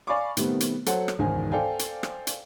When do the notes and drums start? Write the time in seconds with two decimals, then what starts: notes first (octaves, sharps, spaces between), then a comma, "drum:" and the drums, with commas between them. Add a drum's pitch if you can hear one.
0.07 D5 F5 G#5 B5 C#6 D6
0.37 B2 D#3 G3 A3 B3 C4, drum: hi-hat
0.60 drum: hi-hat
0.86 F#3 A4 C5 F#5, drum: hi-hat
1.08 drum: rim click
1.18 E1 C#2 G#2 D#3 C5 G#5
1.51 A4 C5 D5 F5 G5 G#5
1.79 drum: hi-hat
2.03 drum: rim click
2.27 drum: hi-hat